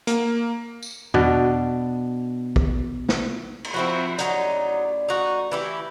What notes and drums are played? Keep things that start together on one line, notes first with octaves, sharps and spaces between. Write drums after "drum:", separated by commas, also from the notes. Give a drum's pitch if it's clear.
A#3, drum: hi-hat
drum: tambourine
B2 D4, drum: tom E2
drum: kick
drum: snare
drum: cymbal
F3 C4 E4 F#4
A1 F#3 D#4 D5, drum: hi-hat
D#4 F#4
E3 E4 G4